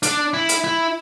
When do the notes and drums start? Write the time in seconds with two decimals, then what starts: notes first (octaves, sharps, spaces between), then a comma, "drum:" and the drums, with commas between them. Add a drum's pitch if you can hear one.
0.03 D4, drum: hi-hat
0.34 E4
0.49 drum: hi-hat
0.64 E4